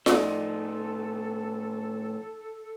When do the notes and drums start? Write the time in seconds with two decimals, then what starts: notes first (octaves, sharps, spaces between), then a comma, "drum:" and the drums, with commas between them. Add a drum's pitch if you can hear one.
0.06 A2 F3 D#4 A4 D5, drum: snare F4